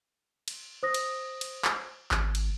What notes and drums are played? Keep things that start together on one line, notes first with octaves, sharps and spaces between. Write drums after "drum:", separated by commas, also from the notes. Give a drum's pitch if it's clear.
drum: cymbal
C5 D#6 A#6
drum: cymbal
drum: cymbal
drum: clap
G#1, drum: clap
drum: cymbal